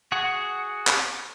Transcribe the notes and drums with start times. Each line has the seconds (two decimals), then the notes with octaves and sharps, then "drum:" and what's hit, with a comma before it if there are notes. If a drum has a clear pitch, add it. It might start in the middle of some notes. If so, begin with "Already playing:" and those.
0.12 F#4 G#4 F#5
0.87 drum: clap